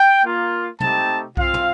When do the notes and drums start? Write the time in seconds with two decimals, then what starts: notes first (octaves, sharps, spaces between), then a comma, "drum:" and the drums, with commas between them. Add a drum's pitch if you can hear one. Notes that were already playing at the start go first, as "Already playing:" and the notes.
Already playing: G5
0.24 A#3 F4
0.80 A3 C4 D#4 G4 A5, drum: tom
1.37 C4 F4 F5, drum: kick B1
1.54 drum: tom